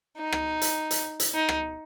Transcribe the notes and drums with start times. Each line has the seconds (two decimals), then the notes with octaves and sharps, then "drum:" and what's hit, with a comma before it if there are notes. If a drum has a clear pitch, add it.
0.18 D#4
0.32 drum: rim click
0.61 drum: hi-hat
0.91 drum: hi-hat
1.20 drum: hi-hat
1.34 D#4
1.49 drum: rim click